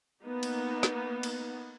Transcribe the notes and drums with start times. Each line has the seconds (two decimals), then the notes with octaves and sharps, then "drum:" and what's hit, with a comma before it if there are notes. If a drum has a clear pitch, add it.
0.23 A#3 B3 D#4
0.43 drum: cymbal
0.83 drum: snare
1.23 drum: cymbal